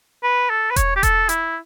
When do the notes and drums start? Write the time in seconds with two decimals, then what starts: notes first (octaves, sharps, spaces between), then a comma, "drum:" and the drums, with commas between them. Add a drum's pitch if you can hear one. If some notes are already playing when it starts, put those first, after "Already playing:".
0.23 B4
0.50 A4
0.71 B4
0.76 C#5, drum: kick E1, hi-hat
0.96 G4
1.03 A4, drum: kick E1, hi-hat
1.29 E4, drum: hi-hat